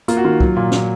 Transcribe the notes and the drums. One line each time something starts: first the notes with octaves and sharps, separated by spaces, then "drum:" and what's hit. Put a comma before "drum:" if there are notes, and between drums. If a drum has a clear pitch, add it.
A#3 F4, drum: hi-hat
F#4
D#3 F4
F#3, drum: kick
A#2
F#3, drum: snare